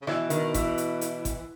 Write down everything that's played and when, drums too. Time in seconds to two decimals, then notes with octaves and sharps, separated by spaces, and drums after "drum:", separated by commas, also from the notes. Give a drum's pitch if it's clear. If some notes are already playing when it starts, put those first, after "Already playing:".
0.02 C#3
0.07 B2 E3, drum: rim click
0.30 D#3, drum: hi-hat
0.54 E3, drum: kick G1, hi-hat
0.78 drum: hi-hat
1.01 drum: hi-hat
1.25 drum: kick G1, hi-hat